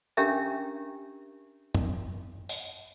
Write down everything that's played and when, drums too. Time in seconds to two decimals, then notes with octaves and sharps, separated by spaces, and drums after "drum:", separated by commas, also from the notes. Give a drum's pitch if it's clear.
0.17 C#4 D4 G4 A#4 E5 A#5, drum: tambourine
1.75 drum: tom
2.49 drum: open hi-hat